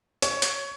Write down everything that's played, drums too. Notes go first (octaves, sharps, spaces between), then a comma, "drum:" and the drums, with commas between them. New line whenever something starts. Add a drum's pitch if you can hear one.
C#5, drum: hi-hat
drum: hi-hat